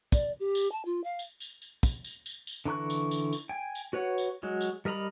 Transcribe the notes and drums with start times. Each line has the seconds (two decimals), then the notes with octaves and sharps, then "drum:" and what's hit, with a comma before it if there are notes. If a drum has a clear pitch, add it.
0.12 D5, drum: kick, tambourine
0.39 G4
0.55 drum: tambourine
0.72 A5
0.85 F4
1.04 F5
1.19 drum: tambourine
1.40 drum: tambourine
1.62 drum: tambourine
1.83 drum: kick, tambourine
2.04 drum: tambourine
2.26 drum: tambourine
2.47 drum: tambourine
2.65 D3 E3 A#5 C#6 F#6
2.90 drum: tambourine
3.11 drum: tambourine
3.33 drum: tambourine
3.49 G5 G#5
3.75 drum: tambourine
3.93 F#4 B4 C#5 F#5
4.18 drum: tambourine
4.43 F#3 G#3 F#4
4.61 drum: tambourine
4.85 G3 A#4 D#5 A#5 B5